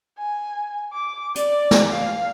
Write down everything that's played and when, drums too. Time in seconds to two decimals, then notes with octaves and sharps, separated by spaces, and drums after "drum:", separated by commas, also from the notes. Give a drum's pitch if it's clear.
0.18 G#5
0.93 D6
1.35 D5, drum: hi-hat
1.71 drum: snare
1.92 F5